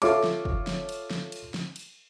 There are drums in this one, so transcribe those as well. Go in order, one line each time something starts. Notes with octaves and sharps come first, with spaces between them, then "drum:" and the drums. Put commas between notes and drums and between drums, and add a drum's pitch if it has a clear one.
F4 A4 C#5 E5 D6, drum: cymbal
drum: snare
drum: kick
drum: snare
drum: cymbal
drum: snare
drum: cymbal
drum: snare
drum: cymbal